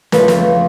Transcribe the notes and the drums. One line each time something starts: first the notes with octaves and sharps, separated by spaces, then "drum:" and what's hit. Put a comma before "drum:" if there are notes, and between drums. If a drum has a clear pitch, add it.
F2 C#3 F3 A3 B4, drum: snare
drum: snare